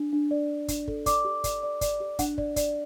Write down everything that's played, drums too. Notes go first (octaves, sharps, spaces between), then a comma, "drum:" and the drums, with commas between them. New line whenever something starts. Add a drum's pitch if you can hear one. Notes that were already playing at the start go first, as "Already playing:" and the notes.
Already playing: D4
D4
D5
D4
D4, drum: kick, hi-hat
A4, drum: kick
D5 D6, drum: kick, hi-hat
G4
D5, drum: kick, hi-hat
D5
D5, drum: kick, hi-hat
G4
D4 F#5, drum: kick, hi-hat
D5, drum: kick
D5, drum: kick, hi-hat